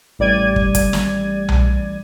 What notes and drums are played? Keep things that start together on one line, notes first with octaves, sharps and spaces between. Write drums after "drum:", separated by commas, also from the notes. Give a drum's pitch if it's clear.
A1 G3 D5 G#6 D#7
drum: kick
drum: kick, hi-hat
drum: snare
drum: tom B1